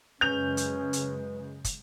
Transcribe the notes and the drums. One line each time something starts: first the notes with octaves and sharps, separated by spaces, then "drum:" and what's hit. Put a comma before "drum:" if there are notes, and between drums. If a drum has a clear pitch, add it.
F#2 C#3 G#3 C#4 B4 G6 F7
drum: hi-hat
drum: hi-hat
drum: kick, hi-hat